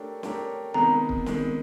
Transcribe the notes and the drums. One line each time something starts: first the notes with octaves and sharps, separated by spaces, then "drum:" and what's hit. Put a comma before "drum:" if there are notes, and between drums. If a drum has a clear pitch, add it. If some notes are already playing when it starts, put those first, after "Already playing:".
Already playing: A3 D4 G4 A#4 C#5
A3 D4 G4 A#4 C#5, drum: snare
C3 D#3 G#3 B3 A#5
drum: kick
C3 D#3 G#3 B3, drum: snare